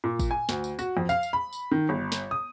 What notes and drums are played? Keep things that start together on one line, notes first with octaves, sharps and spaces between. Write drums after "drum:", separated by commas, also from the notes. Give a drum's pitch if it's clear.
A#2
drum: kick, tambourine
G#5
D2, drum: snare
drum: tambourine
F#4, drum: tambourine
F2
F5, drum: tambourine
drum: tambourine
B5
drum: tambourine
D#3
G1
drum: snare
D#6